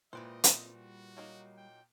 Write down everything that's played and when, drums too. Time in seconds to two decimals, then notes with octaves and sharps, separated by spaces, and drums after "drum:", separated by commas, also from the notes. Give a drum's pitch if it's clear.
0.13 A#2 E3 G#3 B4 C5 D#5 G5
0.44 C4 F4 A4, drum: hi-hat
0.74 G3 F#4
1.17 F#3 A#3 D#4
1.57 G5